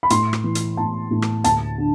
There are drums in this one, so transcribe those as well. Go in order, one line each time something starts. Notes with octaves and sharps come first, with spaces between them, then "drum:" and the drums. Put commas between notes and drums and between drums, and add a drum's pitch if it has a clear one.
B5
A2 C6, drum: hi-hat
drum: rim click
E3
drum: hi-hat
A2 A5
A2
drum: rim click
D2 A5, drum: hi-hat
D3